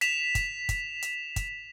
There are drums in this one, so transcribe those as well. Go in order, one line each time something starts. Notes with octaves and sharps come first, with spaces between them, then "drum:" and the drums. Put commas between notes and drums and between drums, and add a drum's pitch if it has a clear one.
B6 E7 F7, drum: hi-hat
drum: kick, hi-hat
drum: kick, hi-hat
drum: hi-hat
drum: kick, hi-hat